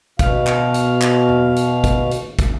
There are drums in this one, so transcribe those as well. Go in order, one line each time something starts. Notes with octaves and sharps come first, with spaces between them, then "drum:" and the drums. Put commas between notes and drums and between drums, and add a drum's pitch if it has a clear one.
B2 F5, drum: kick, hi-hat
drum: clap
drum: hi-hat
drum: clap
drum: tom E2
drum: hi-hat
drum: kick, hi-hat
drum: hi-hat
drum: kick, hi-hat